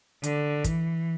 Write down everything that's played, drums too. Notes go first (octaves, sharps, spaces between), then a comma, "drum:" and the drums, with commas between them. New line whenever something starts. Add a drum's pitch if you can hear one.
D3, drum: hi-hat
E3, drum: kick, hi-hat